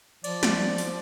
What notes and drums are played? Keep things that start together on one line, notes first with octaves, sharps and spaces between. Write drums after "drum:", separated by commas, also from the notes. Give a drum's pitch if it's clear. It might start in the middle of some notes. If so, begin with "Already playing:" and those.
F3 D5, drum: cymbal
drum: snare
drum: open hi-hat